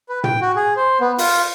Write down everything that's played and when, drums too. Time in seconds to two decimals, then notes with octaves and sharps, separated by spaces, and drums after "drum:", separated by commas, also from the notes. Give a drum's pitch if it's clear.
0.09 B4
0.24 G5, drum: tom
0.41 F#4
0.56 G#4
0.76 C5
1.01 B3
1.18 F4, drum: open hi-hat